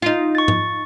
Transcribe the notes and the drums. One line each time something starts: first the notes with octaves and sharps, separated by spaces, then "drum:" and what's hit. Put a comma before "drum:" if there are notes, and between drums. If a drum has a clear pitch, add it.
D#4 F4
C#6 A6
drum: tom G#2